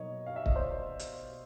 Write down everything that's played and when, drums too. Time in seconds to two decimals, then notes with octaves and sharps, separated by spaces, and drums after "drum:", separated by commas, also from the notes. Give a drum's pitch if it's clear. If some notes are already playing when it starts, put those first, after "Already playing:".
Already playing: B2 F#3 A#3 D#4 C#5 D#5
0.26 F5
0.36 E5
0.46 D#5, drum: kick C#1
0.56 C5 D5
0.99 drum: hi-hat